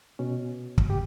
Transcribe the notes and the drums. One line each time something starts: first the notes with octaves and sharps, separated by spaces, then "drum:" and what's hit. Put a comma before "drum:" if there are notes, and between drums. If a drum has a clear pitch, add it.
B2 C#4
drum: kick
G4